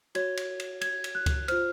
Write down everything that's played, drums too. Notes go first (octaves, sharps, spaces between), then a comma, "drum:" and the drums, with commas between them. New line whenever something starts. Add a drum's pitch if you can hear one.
F#4 C#5 G#6, drum: cymbal
drum: cymbal
drum: cymbal
G#6, drum: cymbal
drum: cymbal
F#6
drum: kick C#2, cymbal
F4 C5 F6, drum: cymbal